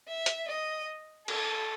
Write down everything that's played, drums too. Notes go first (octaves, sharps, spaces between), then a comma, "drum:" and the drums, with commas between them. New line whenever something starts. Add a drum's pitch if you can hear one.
E5
drum: hi-hat
D#5
A4, drum: cymbal